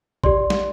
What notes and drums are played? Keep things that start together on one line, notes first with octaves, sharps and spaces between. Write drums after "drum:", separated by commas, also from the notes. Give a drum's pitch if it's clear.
G4 D5 C6, drum: kick A1
drum: snare